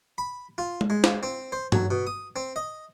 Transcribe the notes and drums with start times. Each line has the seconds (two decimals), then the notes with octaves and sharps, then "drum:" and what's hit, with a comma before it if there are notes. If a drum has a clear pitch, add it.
0.18 B5
0.58 F4
0.81 drum: tom G#3
0.90 G#3
1.04 drum: snare
1.23 C4
1.52 C5
1.72 F#3, drum: tom G2
1.91 B2
2.07 D#6
2.36 C4
2.56 D#5